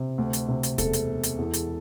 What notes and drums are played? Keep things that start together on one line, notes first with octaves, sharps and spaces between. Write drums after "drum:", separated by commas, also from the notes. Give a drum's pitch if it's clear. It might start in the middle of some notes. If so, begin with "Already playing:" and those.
Already playing: C3
D2
drum: hi-hat
C3
drum: hi-hat
E1 A4, drum: kick, hi-hat
drum: hi-hat
E1
drum: hi-hat
E2
drum: hi-hat